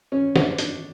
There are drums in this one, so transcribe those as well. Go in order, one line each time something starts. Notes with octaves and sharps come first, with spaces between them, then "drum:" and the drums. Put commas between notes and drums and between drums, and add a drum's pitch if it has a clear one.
C#4
D4, drum: snare
D4, drum: hi-hat